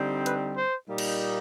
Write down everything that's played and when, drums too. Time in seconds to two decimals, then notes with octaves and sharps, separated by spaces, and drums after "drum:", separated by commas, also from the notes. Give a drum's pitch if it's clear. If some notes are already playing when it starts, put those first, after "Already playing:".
Already playing: D3 G3 C4 D#4
0.26 B4, drum: hi-hat
0.57 C5
0.88 A#2 G3 A#3 D#4
0.98 drum: cymbal